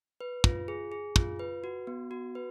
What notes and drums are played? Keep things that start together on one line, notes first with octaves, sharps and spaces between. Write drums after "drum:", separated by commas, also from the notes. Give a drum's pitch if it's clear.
B4
F4, drum: kick
G#4
G#4
F4, drum: kick
B4
F#4
B3
F#4
B4